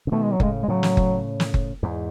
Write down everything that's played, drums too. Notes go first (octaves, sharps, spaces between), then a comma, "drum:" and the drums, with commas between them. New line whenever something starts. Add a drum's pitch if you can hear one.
C#3
B2 D#3 A3
G#3
F#3
A2 C#3 G#3, drum: kick F#1
G#3
A2 C#3 F#3
drum: snare
drum: kick F#1
drum: snare
drum: kick F#1
E2 G#2